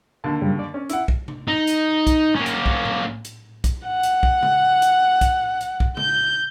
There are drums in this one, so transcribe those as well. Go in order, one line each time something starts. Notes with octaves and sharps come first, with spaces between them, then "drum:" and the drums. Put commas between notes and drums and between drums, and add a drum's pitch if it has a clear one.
D#2 D3 A5
F#2 C#3 G3
D5
C#4
E4 F#5, drum: hi-hat
drum: kick
drum: tom C3
D#4
drum: hi-hat
drum: kick, hi-hat
A#3 C#4
drum: hi-hat
drum: kick
drum: tom A2
drum: hi-hat
drum: kick, hi-hat
F#5
drum: hi-hat
drum: kick
drum: tom C#3
drum: hi-hat
drum: kick, hi-hat
drum: hi-hat
drum: kick
G6, drum: tom C#3